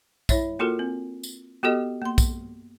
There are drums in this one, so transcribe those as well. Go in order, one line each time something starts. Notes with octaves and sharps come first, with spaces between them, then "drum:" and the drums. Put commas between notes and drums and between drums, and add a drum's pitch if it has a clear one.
E4 C#5 E5, drum: kick, tambourine
A#3 F4 F#4 A4 A#4
C4
drum: tambourine
B3 F#4 G4 A4 D#5
A#3 C6
drum: kick, tambourine